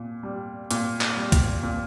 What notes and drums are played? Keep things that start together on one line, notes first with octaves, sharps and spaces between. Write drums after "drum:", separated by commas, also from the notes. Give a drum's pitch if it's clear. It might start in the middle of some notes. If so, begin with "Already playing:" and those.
Already playing: A#2
G3
A#2, drum: hi-hat
drum: clap
G3
drum: kick, hi-hat
A#2